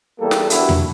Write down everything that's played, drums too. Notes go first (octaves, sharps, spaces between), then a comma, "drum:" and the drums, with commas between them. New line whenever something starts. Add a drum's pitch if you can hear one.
E2 G3 A#3 A4
drum: snare
B3 D4 E4 F#4 G4, drum: hi-hat
drum: tom E2